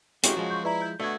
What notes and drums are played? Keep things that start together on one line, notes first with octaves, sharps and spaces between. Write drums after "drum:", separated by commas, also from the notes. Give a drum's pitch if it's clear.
F#2 C#3 G#3 E4 F#4 G4, drum: hi-hat
F3 G#3
C6 C#6 G6
E4 B4 D5 A#5
G6
B2 D3 A3 F#4 E6 G#6